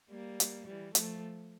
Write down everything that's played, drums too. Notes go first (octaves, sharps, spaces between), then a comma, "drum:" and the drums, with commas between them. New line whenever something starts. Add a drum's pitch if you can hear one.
G3 A#3
drum: hi-hat
E3 G3
F3 A3, drum: hi-hat